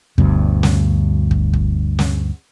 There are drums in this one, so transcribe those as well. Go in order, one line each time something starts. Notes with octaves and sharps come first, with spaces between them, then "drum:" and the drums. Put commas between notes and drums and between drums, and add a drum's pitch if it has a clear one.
D2 G2 B2, drum: kick
drum: snare
drum: kick
drum: kick
drum: snare